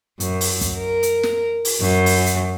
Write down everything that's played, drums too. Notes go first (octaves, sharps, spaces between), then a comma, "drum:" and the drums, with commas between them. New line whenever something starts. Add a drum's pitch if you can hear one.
F#2, drum: hi-hat
drum: open hi-hat
drum: kick, hi-hat
A#4
drum: hi-hat
drum: snare
drum: open hi-hat
F#2
drum: open hi-hat
drum: hi-hat